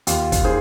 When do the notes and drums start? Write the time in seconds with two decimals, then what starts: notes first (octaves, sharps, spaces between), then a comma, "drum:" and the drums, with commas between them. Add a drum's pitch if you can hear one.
0.07 D#2 F4, drum: hi-hat
0.32 drum: kick, hi-hat
0.45 D#3 G#4 C5